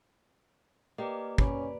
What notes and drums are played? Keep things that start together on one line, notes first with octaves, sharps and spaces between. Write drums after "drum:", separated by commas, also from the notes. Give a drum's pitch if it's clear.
A#3 G4 B4 D5 D#5
C#4 B4 D5 B5, drum: kick